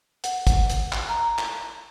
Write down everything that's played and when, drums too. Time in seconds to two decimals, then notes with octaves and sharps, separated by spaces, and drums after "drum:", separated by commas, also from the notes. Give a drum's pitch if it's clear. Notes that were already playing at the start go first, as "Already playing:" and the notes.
0.24 F#5, drum: hi-hat
0.47 drum: kick, hi-hat
0.70 drum: hi-hat
0.92 drum: clap
1.09 A#5
1.38 drum: clap